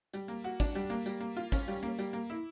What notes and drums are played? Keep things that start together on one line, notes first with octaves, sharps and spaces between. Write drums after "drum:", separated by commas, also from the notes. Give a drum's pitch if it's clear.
G3, drum: tambourine
A#3
F#4
D4, drum: kick, tambourine
G3
A#3
G3, drum: tambourine
A#3
F4
C#4, drum: kick, tambourine
G3
A#3
G3, drum: tambourine
A#3
E4